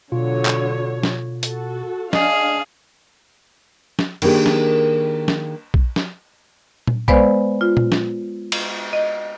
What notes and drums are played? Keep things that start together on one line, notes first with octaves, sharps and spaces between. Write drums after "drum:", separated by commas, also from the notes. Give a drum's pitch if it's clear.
B2 D3 F#3 F4 C#5
drum: clap
drum: snare
F#4 A4, drum: hi-hat
D4 G#4 D#5 F5, drum: snare
drum: snare
D#3 A#3 D4 G4 G#4, drum: cymbal
drum: snare
drum: snare
drum: kick A#1
drum: snare
drum: tom A#2
G#3 B3 B4 C5 D5 F5, drum: kick A#1
F4
drum: tom A#2
drum: snare
drum: cymbal
D#5